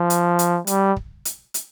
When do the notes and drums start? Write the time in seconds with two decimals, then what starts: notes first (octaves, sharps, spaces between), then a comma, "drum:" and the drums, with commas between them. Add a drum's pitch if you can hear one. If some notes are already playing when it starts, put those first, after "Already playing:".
Already playing: F3
0.10 drum: hi-hat
0.39 drum: hi-hat
0.67 G3, drum: hi-hat
0.96 drum: kick
1.25 drum: hi-hat
1.54 drum: hi-hat